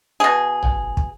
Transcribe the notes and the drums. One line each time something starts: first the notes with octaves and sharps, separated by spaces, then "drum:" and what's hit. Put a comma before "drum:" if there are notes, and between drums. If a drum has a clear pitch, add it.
B2 G#4
drum: tom
drum: kick